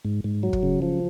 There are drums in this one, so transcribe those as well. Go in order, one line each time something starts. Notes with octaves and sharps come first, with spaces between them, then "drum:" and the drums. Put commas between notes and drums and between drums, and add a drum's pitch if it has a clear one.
G#2
G#2
F#3
drum: kick
C#3
F3